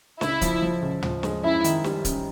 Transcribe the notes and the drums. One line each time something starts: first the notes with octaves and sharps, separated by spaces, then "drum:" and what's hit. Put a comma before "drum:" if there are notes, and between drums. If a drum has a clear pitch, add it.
C#2 E4, drum: snare
F3, drum: kick C#1, hi-hat
F3
C#2
F3, drum: tom
G#3, drum: snare
F#2 E4
D#3, drum: hi-hat
G3, drum: snare
F#2, drum: kick C#1, hi-hat